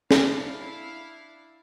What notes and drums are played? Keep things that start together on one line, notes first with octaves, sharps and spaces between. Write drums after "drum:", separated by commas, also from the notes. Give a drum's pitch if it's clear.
D4 E4 F5, drum: snare